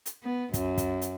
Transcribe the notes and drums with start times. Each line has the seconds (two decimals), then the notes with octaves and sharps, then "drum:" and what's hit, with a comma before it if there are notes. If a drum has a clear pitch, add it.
0.06 drum: hi-hat
0.23 B3
0.54 F#2, drum: kick, hi-hat
0.78 drum: kick, hi-hat
1.02 drum: hi-hat